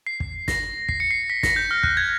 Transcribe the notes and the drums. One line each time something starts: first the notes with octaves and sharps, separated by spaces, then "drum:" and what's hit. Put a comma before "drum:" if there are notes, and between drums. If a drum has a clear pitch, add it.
C7
drum: kick
A#6, drum: snare
C7, drum: kick
C#7
C7
B6
A#6, drum: snare
G6
F6
F#6, drum: kick
G#6